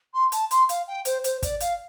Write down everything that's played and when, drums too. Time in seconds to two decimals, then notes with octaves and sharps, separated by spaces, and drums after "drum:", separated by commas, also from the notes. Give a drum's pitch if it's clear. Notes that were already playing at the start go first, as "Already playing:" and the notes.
0.14 C6
0.32 A5, drum: hi-hat
0.51 C6, drum: hi-hat
0.69 F5, drum: hi-hat
0.87 G5
1.05 C5, drum: hi-hat
1.24 C5, drum: hi-hat
1.43 D5, drum: kick, hi-hat
1.60 F5, drum: hi-hat